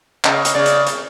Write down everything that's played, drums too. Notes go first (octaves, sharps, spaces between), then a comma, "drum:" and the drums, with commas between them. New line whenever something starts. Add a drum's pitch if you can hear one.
C#3 D#5, drum: clap
drum: hi-hat
C#3 D5
drum: hi-hat
drum: hi-hat